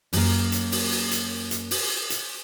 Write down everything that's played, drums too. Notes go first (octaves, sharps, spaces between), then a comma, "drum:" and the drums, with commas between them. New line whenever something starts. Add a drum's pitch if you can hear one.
F#2 A#3, drum: open hi-hat
drum: hi-hat
drum: open hi-hat
drum: open hi-hat
drum: hi-hat
drum: hi-hat
drum: open hi-hat
drum: hi-hat